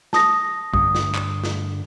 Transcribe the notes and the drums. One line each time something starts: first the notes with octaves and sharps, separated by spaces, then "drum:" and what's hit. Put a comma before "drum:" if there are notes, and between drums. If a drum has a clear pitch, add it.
A5 D#6 A#6, drum: snare
G2 D3 D#6, drum: kick B1
drum: snare
drum: clap
drum: snare